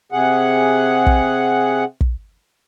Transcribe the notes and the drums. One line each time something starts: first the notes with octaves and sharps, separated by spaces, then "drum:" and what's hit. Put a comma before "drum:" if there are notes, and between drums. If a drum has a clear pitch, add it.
C3 G#4 F#5
drum: kick
drum: kick